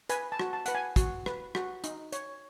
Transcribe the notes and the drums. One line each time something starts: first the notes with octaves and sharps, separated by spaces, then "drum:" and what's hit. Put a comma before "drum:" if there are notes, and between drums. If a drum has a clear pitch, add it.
B4 G#5, drum: hi-hat
A5
F#4, drum: rim click
A5
B4 F#5, drum: hi-hat
G#5
F#4, drum: kick, hi-hat
B4, drum: rim click
F#4, drum: rim click
D#4, drum: hi-hat
C#5, drum: hi-hat